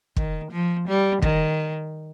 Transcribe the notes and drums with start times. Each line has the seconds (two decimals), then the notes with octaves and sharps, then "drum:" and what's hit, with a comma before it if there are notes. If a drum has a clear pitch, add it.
0.16 D#3, drum: kick
0.51 F3
0.88 G3
1.22 D#3, drum: kick